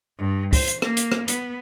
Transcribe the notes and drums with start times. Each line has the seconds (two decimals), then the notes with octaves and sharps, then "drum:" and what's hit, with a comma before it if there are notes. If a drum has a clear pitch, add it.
0.19 G2
0.53 C5, drum: kick, open hi-hat
0.67 drum: hi-hat
0.82 A#3, drum: rim click
0.97 drum: hi-hat
1.12 drum: rim click
1.28 B3, drum: hi-hat